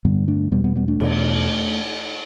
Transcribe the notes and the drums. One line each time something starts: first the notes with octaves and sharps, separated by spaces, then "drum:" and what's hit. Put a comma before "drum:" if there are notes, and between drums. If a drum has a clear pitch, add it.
G2 D3 G3 B3
A3 D4
E2 B2 G3 B3
G3 B3
G3 B3
A3 D4
E2 B2, drum: cymbal